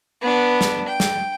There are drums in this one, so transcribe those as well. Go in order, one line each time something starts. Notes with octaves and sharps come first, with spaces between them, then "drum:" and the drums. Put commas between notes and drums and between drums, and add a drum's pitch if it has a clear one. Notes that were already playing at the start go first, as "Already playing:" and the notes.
B3 D4
drum: snare
G5
drum: snare